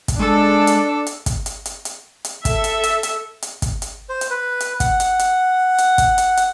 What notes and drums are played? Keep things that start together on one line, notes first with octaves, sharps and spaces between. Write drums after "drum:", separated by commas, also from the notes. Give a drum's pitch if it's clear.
drum: kick, hi-hat
G#3 D4 A4
drum: hi-hat
drum: hi-hat
drum: kick, hi-hat
drum: hi-hat
drum: hi-hat
drum: hi-hat
drum: hi-hat
A4 E5, drum: kick, hi-hat
drum: hi-hat
drum: hi-hat
drum: hi-hat
drum: hi-hat
drum: kick, hi-hat
drum: hi-hat
C5
drum: hi-hat
B4
drum: hi-hat
F#5, drum: kick, hi-hat
drum: hi-hat
drum: hi-hat
drum: hi-hat
drum: kick, hi-hat
drum: hi-hat
drum: hi-hat